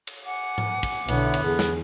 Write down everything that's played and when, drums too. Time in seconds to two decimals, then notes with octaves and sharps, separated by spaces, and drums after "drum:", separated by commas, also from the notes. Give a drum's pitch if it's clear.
0.07 drum: cymbal
0.25 F#5 G#5 D6
0.58 drum: tom G#2
0.83 drum: kick, cymbal
1.08 B1 D3 B3 E4 C#5 E5, drum: cymbal
1.34 drum: cymbal
1.44 E2 G#4
1.59 drum: snare